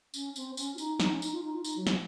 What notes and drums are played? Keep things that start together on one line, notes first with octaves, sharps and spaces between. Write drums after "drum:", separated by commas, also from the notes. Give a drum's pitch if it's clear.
C#4, drum: tambourine
C4, drum: tambourine
C#4, drum: tambourine
F4
D#4, drum: tambourine
D#4, drum: snare
C#4
D#4, drum: tambourine
F4
D#4
F4
D#4, drum: tambourine
F#3
F3, drum: snare